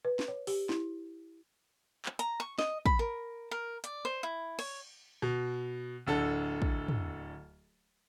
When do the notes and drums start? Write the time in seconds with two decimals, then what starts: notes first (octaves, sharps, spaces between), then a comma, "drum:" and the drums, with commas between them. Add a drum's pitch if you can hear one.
0.05 B4
0.19 drum: snare
0.28 C#5
0.47 G4, drum: open hi-hat
0.69 E4, drum: snare
2.05 drum: clap
2.19 A#5, drum: hi-hat
2.40 C#6
2.58 D#5, drum: snare
2.86 B5, drum: kick
2.99 A#4
3.51 A#4
3.84 D5, drum: hi-hat
4.05 C5
4.23 E4
4.59 C#5, drum: cymbal
5.22 B2, drum: rim click
6.07 D1 D3 A4
6.62 drum: kick
6.88 drum: tom